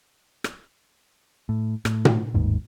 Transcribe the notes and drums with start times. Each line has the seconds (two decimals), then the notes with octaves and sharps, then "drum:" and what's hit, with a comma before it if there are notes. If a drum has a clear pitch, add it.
0.44 drum: rim click
1.49 A2
1.85 A2, drum: rim click
2.05 drum: tom A#2
2.34 G1 D#2 G#2